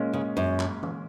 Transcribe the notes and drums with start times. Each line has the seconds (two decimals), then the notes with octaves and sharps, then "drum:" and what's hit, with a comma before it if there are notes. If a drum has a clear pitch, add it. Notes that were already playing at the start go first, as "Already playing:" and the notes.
Already playing: A#2 G#3 C#4
0.13 C#3
0.37 F#2
0.60 drum: clap
0.83 drum: tom E3